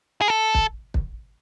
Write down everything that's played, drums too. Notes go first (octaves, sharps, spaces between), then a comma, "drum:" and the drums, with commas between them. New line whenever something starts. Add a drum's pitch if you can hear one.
G#4
A4
drum: kick
drum: kick